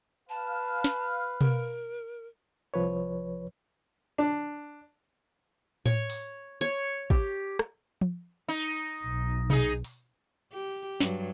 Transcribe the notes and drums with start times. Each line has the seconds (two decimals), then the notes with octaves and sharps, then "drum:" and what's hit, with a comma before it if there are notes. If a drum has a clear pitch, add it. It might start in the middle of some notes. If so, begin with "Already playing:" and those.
0.29 B4 F5 A5
0.84 drum: snare
1.41 A#4, drum: tom B2
2.74 C2 F3 B4 C#5
4.18 D4
5.86 C#5, drum: tom A2
6.10 drum: open hi-hat
6.61 C#5, drum: hi-hat
7.10 G4, drum: kick
7.59 drum: rim click
8.01 drum: tom F3
8.48 D#4
9.03 B1
9.50 D#4 G#4, drum: tom B2
9.84 drum: open hi-hat
10.53 G4
11.00 G2 F#3, drum: snare